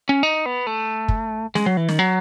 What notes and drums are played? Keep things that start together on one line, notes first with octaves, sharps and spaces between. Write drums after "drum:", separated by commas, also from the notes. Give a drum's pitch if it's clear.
C#4
D#4
B3
A3
drum: kick
G#3, drum: snare
F#3
E3
D#3, drum: snare
F#3